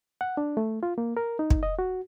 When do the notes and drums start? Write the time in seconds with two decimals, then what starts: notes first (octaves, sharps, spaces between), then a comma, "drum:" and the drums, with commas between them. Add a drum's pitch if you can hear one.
0.21 F#5
0.37 D4
0.57 A3
0.83 F4
0.98 A#3
1.17 A#4
1.39 D#4
1.50 drum: kick
1.63 D#5
1.79 F#4